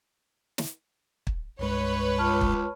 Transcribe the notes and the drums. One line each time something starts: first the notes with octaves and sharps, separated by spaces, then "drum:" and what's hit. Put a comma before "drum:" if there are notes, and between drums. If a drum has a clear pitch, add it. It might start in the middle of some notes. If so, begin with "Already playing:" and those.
drum: snare
drum: kick
C2 G2 G#3 B4 C#5
C#2 A5 C#6 F6
drum: kick